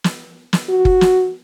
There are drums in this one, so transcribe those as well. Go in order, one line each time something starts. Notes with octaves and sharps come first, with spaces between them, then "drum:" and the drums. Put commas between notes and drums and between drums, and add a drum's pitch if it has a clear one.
drum: snare
drum: snare
F#4
drum: kick F#1
drum: snare